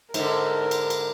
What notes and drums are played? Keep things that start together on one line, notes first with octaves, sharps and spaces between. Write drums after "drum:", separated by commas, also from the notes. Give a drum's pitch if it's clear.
G#2 D3 A#4, drum: cymbal
drum: cymbal
drum: cymbal